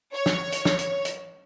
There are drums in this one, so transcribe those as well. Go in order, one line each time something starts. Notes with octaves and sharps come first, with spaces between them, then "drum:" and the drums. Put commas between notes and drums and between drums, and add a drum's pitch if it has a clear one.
C#5
drum: snare
drum: hi-hat
drum: snare
drum: hi-hat
drum: hi-hat